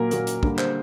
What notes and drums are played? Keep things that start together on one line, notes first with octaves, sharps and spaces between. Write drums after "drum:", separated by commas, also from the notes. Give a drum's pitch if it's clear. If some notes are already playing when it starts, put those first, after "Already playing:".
Already playing: A#2 F#3 A#3 A#4
A#2 F#3 A#3, drum: hi-hat
drum: hi-hat
D3 G3 A#3, drum: kick
C5, drum: clap